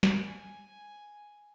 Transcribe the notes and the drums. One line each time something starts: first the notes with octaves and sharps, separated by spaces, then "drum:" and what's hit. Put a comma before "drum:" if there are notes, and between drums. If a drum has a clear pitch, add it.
drum: snare
G#5